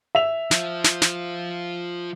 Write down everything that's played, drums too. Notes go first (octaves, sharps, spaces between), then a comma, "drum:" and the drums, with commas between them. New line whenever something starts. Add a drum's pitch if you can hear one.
E5 F7
F3, drum: snare
drum: snare
drum: snare